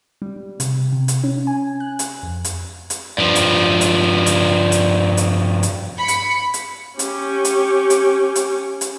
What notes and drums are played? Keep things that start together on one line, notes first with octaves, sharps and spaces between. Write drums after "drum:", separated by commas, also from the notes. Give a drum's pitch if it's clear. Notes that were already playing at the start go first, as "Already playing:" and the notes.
G3
C3, drum: hi-hat
C3
drum: hi-hat
C#4
G#5
F#6
drum: hi-hat
F2
drum: hi-hat
drum: hi-hat
G2 F3
drum: hi-hat
drum: hi-hat
drum: hi-hat
drum: hi-hat
drum: hi-hat
drum: hi-hat
B5 C#7
drum: hi-hat
drum: hi-hat
C#4 G4, drum: hi-hat
drum: hi-hat
drum: hi-hat
drum: hi-hat
drum: hi-hat